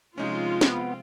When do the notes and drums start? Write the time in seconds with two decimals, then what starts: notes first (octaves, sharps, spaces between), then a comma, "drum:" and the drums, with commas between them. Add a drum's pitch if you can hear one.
0.18 C3 F3 G#3 C#4 D#4 F4
0.61 B3 C4 D7, drum: snare